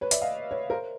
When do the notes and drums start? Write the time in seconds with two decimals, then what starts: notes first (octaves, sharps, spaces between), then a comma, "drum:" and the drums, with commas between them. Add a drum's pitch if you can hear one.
0.01 B4 C#5
0.11 D5 E5, drum: hi-hat
0.22 D#5 F5
0.51 B4 C#5
0.70 A#4 C5